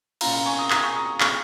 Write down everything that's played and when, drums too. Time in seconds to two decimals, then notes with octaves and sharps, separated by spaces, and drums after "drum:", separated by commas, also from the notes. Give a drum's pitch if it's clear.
0.21 A#2 A#3 C#4 F4 F5 A#5, drum: cymbal
0.33 F5 A#5
0.45 G#5 C#6
0.58 A#5 D#6
0.70 A#5 D#6, drum: clap
0.83 G#5 C#6
0.96 A#5 D#6
1.20 C#6 F6, drum: clap